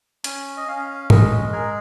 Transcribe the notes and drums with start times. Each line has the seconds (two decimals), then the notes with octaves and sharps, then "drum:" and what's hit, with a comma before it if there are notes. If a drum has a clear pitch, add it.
0.24 C#4 G#5, drum: hi-hat
0.57 D#5
0.68 C#4 F5
1.10 G#3 D#5, drum: tom
1.52 G#4 A#4